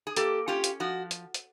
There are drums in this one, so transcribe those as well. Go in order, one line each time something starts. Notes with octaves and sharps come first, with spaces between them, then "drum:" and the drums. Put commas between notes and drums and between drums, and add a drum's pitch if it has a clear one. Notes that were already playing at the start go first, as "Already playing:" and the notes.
G#4
A#3 G4 A4, drum: hi-hat
C#4 F4 G4
drum: hi-hat
F3 F#4
drum: hi-hat
drum: hi-hat